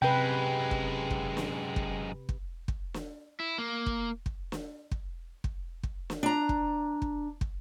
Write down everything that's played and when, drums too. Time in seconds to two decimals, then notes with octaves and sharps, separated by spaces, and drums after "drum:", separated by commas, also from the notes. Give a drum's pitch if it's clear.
0.02 F#2 C3 G#3 B4 G5
0.71 drum: kick
1.10 drum: kick
1.37 drum: snare
1.76 drum: kick
2.29 drum: kick
2.68 drum: kick
2.94 drum: snare
3.40 E4
3.58 A#3
3.86 drum: kick
4.26 drum: kick
4.52 drum: snare
4.91 drum: kick
5.44 drum: kick
5.83 drum: kick
6.10 drum: snare
6.23 D4 A#5
6.49 drum: kick
7.02 drum: kick
7.41 drum: kick